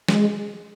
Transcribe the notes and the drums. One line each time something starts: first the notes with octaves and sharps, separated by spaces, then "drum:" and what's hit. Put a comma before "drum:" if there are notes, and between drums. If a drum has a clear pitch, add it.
G#3, drum: snare